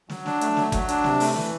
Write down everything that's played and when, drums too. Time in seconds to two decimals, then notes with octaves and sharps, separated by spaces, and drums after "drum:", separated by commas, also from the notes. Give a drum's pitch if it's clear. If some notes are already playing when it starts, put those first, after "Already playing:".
0.10 F#3, drum: snare
0.26 D4, drum: snare
0.41 A3, drum: hi-hat
0.57 F#3, drum: snare
0.72 F#3, drum: kick, hi-hat
0.89 D4, drum: hi-hat
1.04 C3, drum: snare
1.20 A3, drum: open hi-hat
1.36 E3, drum: snare